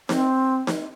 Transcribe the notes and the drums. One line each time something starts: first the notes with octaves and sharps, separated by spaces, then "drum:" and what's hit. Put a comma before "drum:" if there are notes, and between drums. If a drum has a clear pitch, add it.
C4, drum: snare D#4
drum: snare D#4